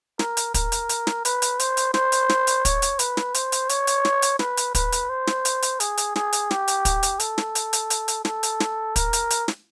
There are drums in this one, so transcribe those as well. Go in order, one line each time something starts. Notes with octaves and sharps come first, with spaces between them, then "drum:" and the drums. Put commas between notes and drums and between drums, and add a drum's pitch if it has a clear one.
A#4, drum: snare
drum: hi-hat
A#4, drum: kick, hi-hat
drum: hi-hat
drum: hi-hat
drum: snare
B4, drum: hi-hat
drum: hi-hat
C5, drum: hi-hat
drum: hi-hat
C5, drum: snare
drum: hi-hat
drum: snare
drum: hi-hat
C#5, drum: kick, hi-hat
drum: hi-hat
B4, drum: hi-hat
drum: snare
C5, drum: hi-hat
drum: hi-hat
C#5, drum: hi-hat
drum: hi-hat
drum: snare
drum: hi-hat
B4, drum: snare
drum: hi-hat
B4, drum: kick, hi-hat
drum: hi-hat
C5
drum: snare
drum: hi-hat
drum: hi-hat
G#4, drum: hi-hat
drum: hi-hat
G#4, drum: snare
drum: hi-hat
G4, drum: snare
drum: hi-hat
drum: kick, hi-hat
drum: hi-hat
A4, drum: hi-hat
drum: snare
drum: hi-hat
drum: hi-hat
drum: hi-hat
drum: hi-hat
A4, drum: snare
drum: hi-hat
drum: snare
A#4, drum: kick, hi-hat
drum: hi-hat
drum: hi-hat
drum: snare